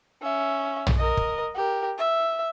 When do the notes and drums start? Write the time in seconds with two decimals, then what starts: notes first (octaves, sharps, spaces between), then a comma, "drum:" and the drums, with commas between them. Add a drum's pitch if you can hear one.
0.22 C#4 E5
0.87 drum: tom
0.98 A#4 D#5
1.17 drum: kick
1.55 G4 A#4
1.98 E5